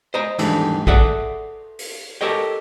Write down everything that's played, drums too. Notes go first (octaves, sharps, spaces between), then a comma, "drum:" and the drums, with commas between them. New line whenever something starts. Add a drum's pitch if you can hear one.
C5 D#5 A#5
D#2 G#2 E3 G3 A3 D4, drum: cymbal
G#4 A4 D5 E5 F#5, drum: kick
drum: open hi-hat
G4 A4 A#4 C#5 D#5 G5